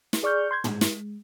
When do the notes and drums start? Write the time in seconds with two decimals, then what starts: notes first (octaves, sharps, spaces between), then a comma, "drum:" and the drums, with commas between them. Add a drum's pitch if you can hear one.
0.13 drum: snare
0.23 G#4 D5 C#6 F6 G6
0.51 C6 G6 G#6
0.64 G#3, drum: tom
0.81 drum: snare